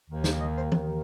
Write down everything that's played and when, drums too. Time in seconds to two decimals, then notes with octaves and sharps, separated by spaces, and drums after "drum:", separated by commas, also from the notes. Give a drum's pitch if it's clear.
0.08 D#2 D#3
0.24 C5, drum: snare
0.39 D#5
0.55 C5
0.72 D#2 D#3, drum: tom E3